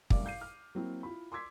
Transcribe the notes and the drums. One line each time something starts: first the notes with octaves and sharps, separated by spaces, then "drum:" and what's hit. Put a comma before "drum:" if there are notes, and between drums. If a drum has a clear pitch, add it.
C2 F#2 A2 D5 F5 D6, drum: kick
F5 G6 C7 D#7
F6
F#3 A#3 C4 E4
E4 F4 B5
C6 D6 E6 G#6 B6